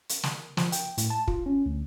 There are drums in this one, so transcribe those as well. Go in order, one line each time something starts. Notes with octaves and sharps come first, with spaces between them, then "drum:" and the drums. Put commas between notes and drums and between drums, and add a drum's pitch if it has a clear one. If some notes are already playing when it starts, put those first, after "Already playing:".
drum: hi-hat
drum: snare
F3, drum: snare
G5, drum: hi-hat
A2, drum: hi-hat
A5
F4, drum: kick
C#4
D2